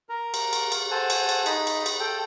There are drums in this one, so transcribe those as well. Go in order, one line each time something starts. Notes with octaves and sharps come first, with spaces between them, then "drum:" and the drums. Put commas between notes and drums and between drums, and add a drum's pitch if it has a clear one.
A#4 A#5
drum: cymbal
drum: cymbal
drum: cymbal
A4 C5 F#5 G#5 A5
drum: cymbal
drum: cymbal
D#4 D#5 B5, drum: cymbal
drum: cymbal
drum: cymbal
A4 G5